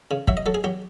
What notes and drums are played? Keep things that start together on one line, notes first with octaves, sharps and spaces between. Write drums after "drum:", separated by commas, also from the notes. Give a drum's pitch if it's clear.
C#3
F#3 E5, drum: kick
D#5
F#3 A4
G#4
F#3 G4